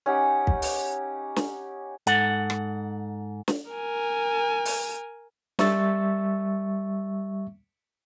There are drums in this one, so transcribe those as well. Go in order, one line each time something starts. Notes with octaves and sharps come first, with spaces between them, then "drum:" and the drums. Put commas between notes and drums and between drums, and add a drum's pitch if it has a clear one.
C#4 D#4 G4 F#5
drum: kick
drum: open hi-hat
drum: snare
G#2 A4 F#5, drum: hi-hat
drum: rim click
drum: snare
A#4 G#5
drum: open hi-hat
G3 E5 C#6 E6 A6, drum: snare